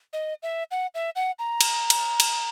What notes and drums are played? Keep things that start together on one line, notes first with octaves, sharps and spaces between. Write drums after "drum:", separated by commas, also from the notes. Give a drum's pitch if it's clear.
D#5
E5
F#5
E5
F#5
A#5
drum: cymbal
drum: cymbal
drum: cymbal